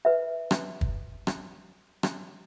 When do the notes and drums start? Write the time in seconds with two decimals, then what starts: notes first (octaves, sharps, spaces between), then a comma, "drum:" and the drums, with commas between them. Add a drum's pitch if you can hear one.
0.05 B4 E5
0.51 drum: rim click
0.81 drum: kick
1.27 drum: rim click
2.03 drum: rim click